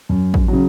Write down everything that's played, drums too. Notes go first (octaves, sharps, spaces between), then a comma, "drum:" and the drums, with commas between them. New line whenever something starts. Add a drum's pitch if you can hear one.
F#2
drum: kick
C#3 F#3